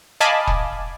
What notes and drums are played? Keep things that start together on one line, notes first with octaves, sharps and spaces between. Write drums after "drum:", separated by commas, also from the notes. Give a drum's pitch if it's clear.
D#5 F5 G#5 A5 B5 D6
drum: kick E1